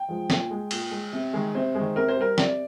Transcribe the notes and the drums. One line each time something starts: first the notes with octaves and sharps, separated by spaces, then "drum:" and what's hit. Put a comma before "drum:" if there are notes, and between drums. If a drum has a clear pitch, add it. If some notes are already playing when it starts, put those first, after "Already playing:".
Already playing: G5
F3 G#3
A#2, drum: snare
G#3
A#2, drum: cymbal
G#3
C3
D#3 G#3
C3 C5
G#3
D#3
C3 A#4
C5
G3 A#4
C3 D5, drum: snare